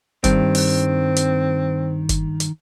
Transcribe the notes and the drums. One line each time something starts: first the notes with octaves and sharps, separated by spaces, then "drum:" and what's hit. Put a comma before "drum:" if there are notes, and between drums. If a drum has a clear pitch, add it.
G2 D#3 G3 C4, drum: kick F#1, hi-hat
drum: open hi-hat
drum: hi-hat
drum: kick F#1, hi-hat
drum: hi-hat